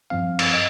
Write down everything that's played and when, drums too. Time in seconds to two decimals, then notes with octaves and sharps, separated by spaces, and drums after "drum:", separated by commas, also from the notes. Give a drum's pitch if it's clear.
0.10 G2 F3 C4 F5
0.39 drum: cymbal
0.54 D#5